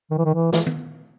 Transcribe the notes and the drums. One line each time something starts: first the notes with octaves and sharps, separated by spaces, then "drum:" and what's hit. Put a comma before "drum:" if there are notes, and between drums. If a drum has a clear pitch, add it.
D#3
E3
D#3
E3
E3, drum: snare
drum: tom D#3